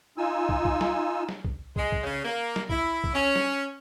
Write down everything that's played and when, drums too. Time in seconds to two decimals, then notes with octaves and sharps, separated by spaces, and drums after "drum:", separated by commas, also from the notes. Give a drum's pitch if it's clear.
0.18 D#4 F4 G#5 E6
0.49 drum: kick
0.65 drum: kick
0.81 drum: snare
1.29 drum: snare
1.45 drum: kick
1.76 G#3, drum: kick
1.92 drum: kick
2.03 C#3
2.24 A#3
2.56 drum: snare
2.69 E4, drum: kick
3.04 drum: kick
3.13 C#4
3.36 drum: snare